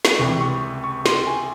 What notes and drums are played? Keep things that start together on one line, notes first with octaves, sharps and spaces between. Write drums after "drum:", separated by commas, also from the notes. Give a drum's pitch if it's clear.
drum: snare
C#2 C3 E3 G3 C#6
C#6
C#6
C6, drum: snare
G#5